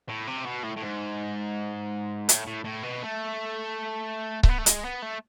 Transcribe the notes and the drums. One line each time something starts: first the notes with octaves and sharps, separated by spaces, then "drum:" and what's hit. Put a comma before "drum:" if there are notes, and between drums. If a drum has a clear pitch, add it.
A2
C3
B2
A2
A2
G#2
A2, drum: hi-hat
A2
A2
B2
A3
A3, drum: kick C#1
B3
A3
G#3, drum: hi-hat
B3
A3